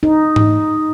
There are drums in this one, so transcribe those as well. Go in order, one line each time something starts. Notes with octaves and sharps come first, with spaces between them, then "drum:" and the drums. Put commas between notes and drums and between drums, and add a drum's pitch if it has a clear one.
D#4
drum: tom G#2